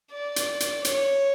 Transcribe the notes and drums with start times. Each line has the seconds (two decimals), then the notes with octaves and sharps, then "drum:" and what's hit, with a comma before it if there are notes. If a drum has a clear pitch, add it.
0.12 D5
0.36 drum: hi-hat
0.60 drum: hi-hat
0.85 C#5, drum: hi-hat